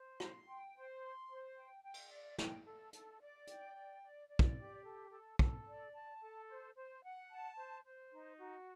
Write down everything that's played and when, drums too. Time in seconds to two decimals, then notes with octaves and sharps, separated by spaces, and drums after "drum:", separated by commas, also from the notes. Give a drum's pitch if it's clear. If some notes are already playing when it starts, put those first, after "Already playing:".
Already playing: C5
0.20 C6, drum: rim click
0.47 G5
0.75 C5
1.01 C6
1.29 C5
1.57 G5
1.84 G5
1.94 drum: cymbal
2.11 D5
2.38 G5, drum: snare
2.66 A4
2.93 A4, drum: hi-hat
3.20 D5
3.47 G5, drum: hi-hat
3.75 D5
4.02 D5
4.29 D5
4.39 drum: kick
4.57 G4
4.84 A4
5.11 A4
5.39 A4, drum: kick
5.66 D5
5.93 A5
6.21 A4
6.49 C5
6.75 C5
7.03 F#5
7.30 A5
7.57 C5
7.85 C5
8.12 D#4
8.39 F#4